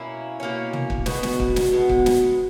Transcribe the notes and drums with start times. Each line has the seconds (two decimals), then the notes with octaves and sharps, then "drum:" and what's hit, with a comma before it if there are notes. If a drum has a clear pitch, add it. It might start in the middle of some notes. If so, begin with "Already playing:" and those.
Already playing: B2 A#3 C#4 E4
0.40 B2 A#3 C#4
0.73 drum: tom
0.90 drum: kick
1.06 B2 G#3 B3 F#4, drum: snare
1.23 drum: snare
1.40 drum: kick
1.56 drum: snare
1.73 B2 G#3 B3
1.89 drum: kick
2.06 drum: snare